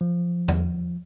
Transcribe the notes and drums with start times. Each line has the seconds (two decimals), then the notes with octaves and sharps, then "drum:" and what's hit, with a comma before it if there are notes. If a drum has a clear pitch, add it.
0.01 F3
0.48 drum: tom E2